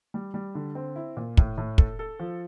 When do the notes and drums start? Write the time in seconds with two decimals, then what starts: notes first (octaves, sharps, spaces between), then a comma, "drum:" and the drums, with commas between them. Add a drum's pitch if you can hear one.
0.14 G3
0.34 G3
0.55 D3
0.75 C4
0.96 E4
1.17 A#2
1.37 A2, drum: kick
1.58 A2
1.78 A4, drum: kick
1.99 A4
2.20 F3